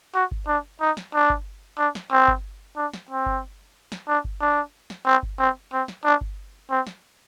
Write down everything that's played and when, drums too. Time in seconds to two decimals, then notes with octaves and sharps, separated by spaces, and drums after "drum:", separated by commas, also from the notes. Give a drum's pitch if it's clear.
0.15 F#4
0.31 drum: kick G1
0.48 D4
0.81 D#4
0.97 drum: snare
1.14 D4
1.30 drum: kick G1
1.78 D4
1.95 drum: snare
2.12 C4
2.28 drum: kick G1
2.77 D4
2.94 drum: snare
3.10 C4
3.26 drum: kick G1
3.92 drum: snare
4.08 D4
4.25 drum: kick G1
4.41 D4
4.90 drum: snare
5.06 C4
5.23 drum: kick G1
5.39 C4
5.73 C4
5.88 drum: snare
6.05 D4
6.21 drum: kick G1
6.70 C4
6.87 drum: snare